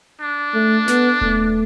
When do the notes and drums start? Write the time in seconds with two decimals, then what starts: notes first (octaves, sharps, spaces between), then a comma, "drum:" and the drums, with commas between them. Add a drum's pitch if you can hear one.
0.21 D4
0.54 A3
0.88 B3, drum: snare
1.21 A3, drum: kick D#1